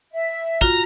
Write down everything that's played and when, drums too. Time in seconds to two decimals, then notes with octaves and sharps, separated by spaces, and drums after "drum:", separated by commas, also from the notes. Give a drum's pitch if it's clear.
0.14 E5
0.61 F4 F#4 A#5, drum: kick